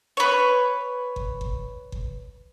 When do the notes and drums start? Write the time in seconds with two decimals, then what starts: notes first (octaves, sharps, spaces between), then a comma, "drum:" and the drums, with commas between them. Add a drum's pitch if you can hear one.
0.17 B4 C#5
1.16 drum: kick G1
1.41 drum: kick G1
1.92 drum: kick G1